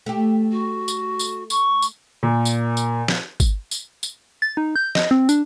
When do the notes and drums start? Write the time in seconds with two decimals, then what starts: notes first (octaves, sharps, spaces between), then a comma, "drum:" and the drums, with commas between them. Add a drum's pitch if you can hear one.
0.06 A3 G4
0.51 F#4
0.88 drum: tambourine
1.19 drum: tambourine
1.50 C#6, drum: tambourine
1.82 drum: tambourine
2.23 A#2
2.45 drum: tambourine
2.77 drum: tambourine
3.08 drum: snare
3.40 drum: kick, tambourine
3.71 drum: tambourine
4.03 drum: tambourine
4.42 A6
4.57 D#4
4.76 G6
4.95 D#5, drum: snare
5.11 C4
5.29 D4, drum: tambourine